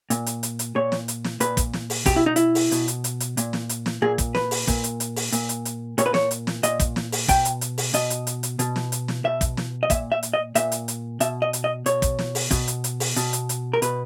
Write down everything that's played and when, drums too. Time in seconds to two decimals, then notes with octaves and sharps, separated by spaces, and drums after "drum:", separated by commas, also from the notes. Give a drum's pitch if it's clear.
0.10 A#2, drum: hi-hat
0.26 drum: hi-hat
0.43 drum: hi-hat
0.59 drum: hi-hat
0.76 A#2 C#5
0.92 drum: snare
1.08 drum: hi-hat
1.24 drum: snare
1.40 A#2 B4, drum: hi-hat
1.57 drum: kick, hi-hat
1.73 drum: snare
1.90 drum: open hi-hat
2.06 B2 G4, drum: kick, hi-hat
2.16 E4
2.26 D#4
2.36 E4, drum: hi-hat
2.55 drum: open hi-hat
2.72 B2, drum: hi-hat
2.88 drum: hi-hat
3.04 drum: hi-hat
3.20 drum: hi-hat
3.37 A#2, drum: hi-hat
3.53 drum: snare
3.69 drum: hi-hat
3.86 drum: snare
4.02 A#2 G#4
4.18 drum: kick, hi-hat
4.35 B4, drum: snare
4.51 drum: open hi-hat
4.68 A#2, drum: kick, hi-hat
4.84 drum: hi-hat
5.00 drum: hi-hat
5.16 drum: open hi-hat
5.32 A#2, drum: hi-hat
5.49 drum: hi-hat
5.65 drum: hi-hat
5.98 A#2 C#5, drum: hi-hat
6.06 B4
6.14 C#5, drum: snare
6.31 drum: hi-hat
6.47 drum: snare
6.63 A#2 D#5, drum: hi-hat
6.80 drum: kick, hi-hat
6.96 drum: snare
7.12 drum: open hi-hat
7.29 B2 G5, drum: kick, hi-hat
7.45 drum: hi-hat
7.61 drum: hi-hat
7.78 drum: open hi-hat
7.94 B2 D#5, drum: hi-hat
8.10 drum: hi-hat
8.27 drum: hi-hat
8.43 drum: hi-hat
8.59 B2, drum: hi-hat
8.76 drum: snare
8.92 drum: hi-hat
9.08 drum: snare
9.24 B2 E5
9.41 drum: kick, hi-hat
9.57 drum: snare
9.83 D#5
9.90 A#2 E5, drum: kick, hi-hat
10.12 E5
10.23 drum: hi-hat
10.34 D#5
10.55 A#2 E5, drum: hi-hat
10.72 drum: hi-hat
10.88 drum: hi-hat
11.20 B2 E5, drum: hi-hat
11.42 D#5
11.53 drum: hi-hat
11.64 D#5
11.86 B2 C#5, drum: hi-hat
12.02 drum: kick, hi-hat
12.19 drum: snare
12.35 drum: open hi-hat
12.51 B2, drum: kick, hi-hat
12.68 drum: hi-hat
12.84 drum: hi-hat
13.00 drum: open hi-hat
13.16 B2, drum: hi-hat
13.33 drum: hi-hat
13.49 drum: hi-hat
13.73 A#4
13.82 B2 B4, drum: hi-hat